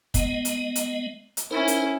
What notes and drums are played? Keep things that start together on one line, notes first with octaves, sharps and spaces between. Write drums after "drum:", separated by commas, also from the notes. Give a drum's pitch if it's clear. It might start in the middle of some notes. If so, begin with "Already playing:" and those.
G#3 B3 D#5, drum: kick, hi-hat
drum: hi-hat
drum: hi-hat
drum: hi-hat
C#4 D#4 E4 A#4 C5
drum: hi-hat